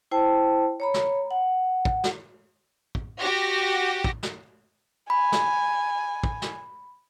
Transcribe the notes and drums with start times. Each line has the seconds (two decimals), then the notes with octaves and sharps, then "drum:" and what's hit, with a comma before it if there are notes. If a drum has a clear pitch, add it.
0.11 E4 C5 G5 A5
0.80 C#5 A#5 B5
0.94 drum: snare
1.31 F#5
1.85 drum: kick
2.04 drum: snare
2.95 drum: kick
3.19 F#4 G4 A#6
4.04 drum: kick
4.23 drum: snare
5.10 G#5 B5
5.32 drum: snare
6.24 drum: kick
6.42 drum: snare